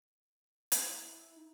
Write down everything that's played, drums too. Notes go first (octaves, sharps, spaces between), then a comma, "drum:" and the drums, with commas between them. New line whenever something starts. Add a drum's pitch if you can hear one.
drum: hi-hat
E4
D#4